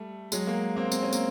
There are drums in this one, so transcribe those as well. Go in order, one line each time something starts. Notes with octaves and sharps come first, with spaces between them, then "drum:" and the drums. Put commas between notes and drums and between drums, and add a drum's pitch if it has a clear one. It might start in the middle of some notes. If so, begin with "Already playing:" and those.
Already playing: G3 A3
F#3 G#3, drum: tambourine
G#3 A#3
A#3 C4
C4, drum: tambourine
C#4
A#3 C4, drum: tambourine